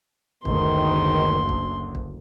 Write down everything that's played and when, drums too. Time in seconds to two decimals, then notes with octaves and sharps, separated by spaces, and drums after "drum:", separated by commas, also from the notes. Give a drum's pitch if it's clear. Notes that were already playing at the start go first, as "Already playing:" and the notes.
0.45 F#1 D2 G#2 B2 D#3 C6, drum: kick
1.49 drum: kick
1.95 drum: kick